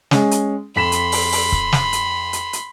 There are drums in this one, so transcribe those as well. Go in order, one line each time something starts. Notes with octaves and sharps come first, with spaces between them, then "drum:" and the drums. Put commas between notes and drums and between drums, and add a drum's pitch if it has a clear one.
G#3 C#4, drum: snare
drum: hi-hat
F2 B5 C6 B6 E7
drum: hi-hat
drum: open hi-hat
drum: open hi-hat
drum: kick C#1
drum: snare
drum: hi-hat
drum: hi-hat
drum: hi-hat